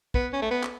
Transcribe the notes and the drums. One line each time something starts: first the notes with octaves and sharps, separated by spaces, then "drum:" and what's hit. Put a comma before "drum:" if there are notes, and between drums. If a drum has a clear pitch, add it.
B3, drum: kick
C#4
A3
B3
drum: clap